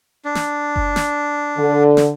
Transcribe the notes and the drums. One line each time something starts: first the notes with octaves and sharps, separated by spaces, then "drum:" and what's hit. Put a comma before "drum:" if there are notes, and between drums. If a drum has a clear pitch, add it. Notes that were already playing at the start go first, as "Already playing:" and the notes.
D4
drum: snare
drum: kick F#1
drum: snare
D3
drum: snare